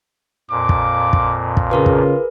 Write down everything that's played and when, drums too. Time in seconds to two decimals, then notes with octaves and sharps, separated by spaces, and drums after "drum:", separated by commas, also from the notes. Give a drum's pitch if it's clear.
0.50 F2 A#2 D6
0.69 drum: kick
1.13 drum: kick
1.57 drum: kick
1.71 C#3 F4 G#4 A#4 B4
1.86 drum: kick